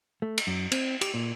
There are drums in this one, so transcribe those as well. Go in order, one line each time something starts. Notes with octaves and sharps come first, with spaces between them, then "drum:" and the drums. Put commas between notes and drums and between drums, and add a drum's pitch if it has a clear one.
A3
drum: cymbal
F#2
C4, drum: cymbal
G4, drum: cymbal
A#2